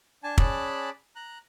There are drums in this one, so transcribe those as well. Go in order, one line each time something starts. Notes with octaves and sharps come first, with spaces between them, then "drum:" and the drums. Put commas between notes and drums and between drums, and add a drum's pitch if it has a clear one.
D4 G#5 A5
C#4 G#4 D5 A5 B5 F#6, drum: kick
A#5 F#6